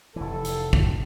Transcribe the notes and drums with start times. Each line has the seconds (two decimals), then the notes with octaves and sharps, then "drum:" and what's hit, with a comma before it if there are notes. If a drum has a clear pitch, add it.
0.16 F1 E3 A4
0.45 drum: hi-hat
0.73 drum: kick